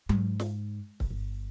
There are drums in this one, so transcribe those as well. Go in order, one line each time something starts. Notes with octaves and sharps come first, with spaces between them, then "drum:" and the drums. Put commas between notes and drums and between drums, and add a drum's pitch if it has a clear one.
G#2, drum: tom F#3
drum: snare
drum: kick C#1
G1